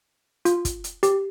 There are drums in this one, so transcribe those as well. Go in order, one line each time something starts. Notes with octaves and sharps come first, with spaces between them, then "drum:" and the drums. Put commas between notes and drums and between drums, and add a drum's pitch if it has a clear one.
F4, drum: hi-hat
drum: kick, hi-hat
drum: hi-hat
G4, drum: hi-hat